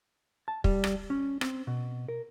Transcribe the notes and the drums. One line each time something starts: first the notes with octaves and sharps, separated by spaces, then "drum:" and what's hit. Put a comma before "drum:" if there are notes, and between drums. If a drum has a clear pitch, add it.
A5
G3, drum: kick
drum: rim click
C#4
C4, drum: rim click
B2
A#4